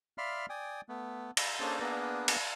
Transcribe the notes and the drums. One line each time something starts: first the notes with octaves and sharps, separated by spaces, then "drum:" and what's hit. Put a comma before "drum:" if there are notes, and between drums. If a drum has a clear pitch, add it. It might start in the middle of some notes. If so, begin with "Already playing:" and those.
D5 E5 F5 B5 C6 F6
D5 G5 G#5 D#6
A3 B3
B5, drum: cymbal
A#3 C#4 D4 G#4 A4 C5
A#3 B3 D4 G#4 A#4 B4
drum: cymbal